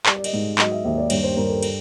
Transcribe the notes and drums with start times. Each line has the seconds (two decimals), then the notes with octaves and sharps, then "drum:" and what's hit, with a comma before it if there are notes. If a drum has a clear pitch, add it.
0.06 G3 D5, drum: clap
0.16 D5
0.24 D#5, drum: cymbal
0.33 G#2
0.58 F#3 D#5, drum: clap
0.72 E5
0.84 D#2 E5
0.98 D5
1.10 G2 C#5, drum: cymbal
1.24 C5
1.37 G2 A#4
1.50 A4
1.63 drum: cymbal